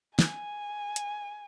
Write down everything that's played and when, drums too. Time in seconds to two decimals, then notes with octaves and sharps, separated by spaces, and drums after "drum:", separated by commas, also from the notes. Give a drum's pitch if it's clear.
0.19 G#5, drum: snare
0.96 drum: hi-hat